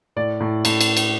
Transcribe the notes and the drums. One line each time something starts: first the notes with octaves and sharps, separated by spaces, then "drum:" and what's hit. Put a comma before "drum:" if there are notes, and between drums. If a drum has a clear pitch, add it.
A2 D5
A2
A2, drum: cymbal
drum: cymbal
drum: cymbal